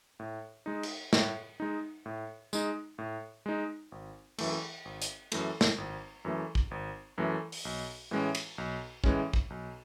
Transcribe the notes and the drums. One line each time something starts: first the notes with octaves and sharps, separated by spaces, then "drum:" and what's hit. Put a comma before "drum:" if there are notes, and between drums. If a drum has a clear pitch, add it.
A2
G#3 D#4
drum: cymbal
A2, drum: snare
G#3 D#4
A2
G#3 D#4, drum: tambourine
A2
G#3 D#4
G#1
F#2 E3 A3, drum: cymbal
G#1
drum: hi-hat
F#2 E3 A3, drum: cymbal
drum: snare
G#1
F#2 E3 A3
drum: kick
G#1
F#2 E3 A3
drum: open hi-hat
B1
A2 E3 G#3 C#4
drum: cymbal
B1
A2 E3 G#3 C#4, drum: kick
drum: kick
B1